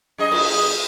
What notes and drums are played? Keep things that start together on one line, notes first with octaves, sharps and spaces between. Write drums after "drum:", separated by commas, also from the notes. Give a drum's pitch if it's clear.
F#2 G#4 D#5
drum: cymbal